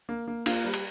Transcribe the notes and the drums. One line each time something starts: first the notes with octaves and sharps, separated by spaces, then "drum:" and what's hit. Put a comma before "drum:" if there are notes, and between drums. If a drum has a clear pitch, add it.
A#3
A#3
A#3 F4, drum: cymbal
G3
drum: cymbal